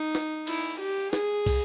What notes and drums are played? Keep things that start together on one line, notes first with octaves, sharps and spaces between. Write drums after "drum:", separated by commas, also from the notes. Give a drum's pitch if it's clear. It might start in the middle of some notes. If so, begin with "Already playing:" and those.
Already playing: D#4
drum: snare
E4, drum: cymbal
G4
G#4, drum: snare
drum: kick, cymbal